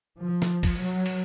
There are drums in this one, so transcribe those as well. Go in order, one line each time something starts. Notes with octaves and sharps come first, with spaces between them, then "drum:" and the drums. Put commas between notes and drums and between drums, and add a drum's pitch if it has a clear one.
F3
drum: snare
drum: kick F#1, cymbal
F#3
drum: cymbal